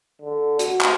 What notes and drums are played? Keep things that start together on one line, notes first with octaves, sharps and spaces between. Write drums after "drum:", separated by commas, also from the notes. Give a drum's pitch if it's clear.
D3
F#4, drum: hi-hat
drum: clap